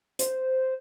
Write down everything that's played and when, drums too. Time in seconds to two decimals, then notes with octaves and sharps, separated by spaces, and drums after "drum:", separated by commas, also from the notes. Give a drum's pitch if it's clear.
0.19 C5, drum: hi-hat